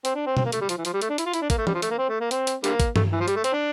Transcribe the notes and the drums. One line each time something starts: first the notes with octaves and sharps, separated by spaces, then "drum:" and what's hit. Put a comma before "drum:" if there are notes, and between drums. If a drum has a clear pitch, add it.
C4, drum: hi-hat
D4
C4
C4, drum: tom B2
A#3
A3, drum: hi-hat
G3
F3, drum: hi-hat
E3
F3, drum: hi-hat
G3
A3, drum: hi-hat
D4
E4, drum: hi-hat
F4
E4, drum: hi-hat
D4
A#3, drum: kick, hi-hat
A3
G3, drum: tom E3
F3
A3, drum: hi-hat
A#3
C4
A3
A#3
C4, drum: hi-hat
drum: hi-hat
D3 G3 A#3, drum: hi-hat
drum: kick, hi-hat
A3, drum: tom G2
E3
F3
G3, drum: hi-hat
A3
C4, drum: hi-hat
D4